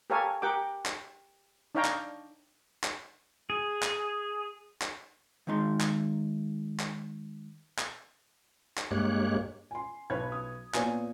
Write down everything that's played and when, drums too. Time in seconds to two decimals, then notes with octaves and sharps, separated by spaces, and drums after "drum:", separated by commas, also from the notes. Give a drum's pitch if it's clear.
0.10 G4 A4 A#4 C#5 F5 G#5
0.42 G4 A#4 F#5 G5 D6
0.86 drum: clap
1.75 D4 D#4 C#5 F5 G5 A#5
1.85 drum: clap
2.84 drum: clap
3.50 G#4
3.83 drum: clap
4.82 drum: clap
5.47 D#3 G#3 D#4 C6
5.81 drum: clap
6.80 drum: clap
7.79 drum: clap
8.78 drum: clap
8.91 G2 G#3 A#3 G4 C#5 F#6
9.71 G#5 C6
10.10 B1 B4 C#5 B5 G#6
10.32 D#6
10.74 A#2 B3 C#5 G#5, drum: clap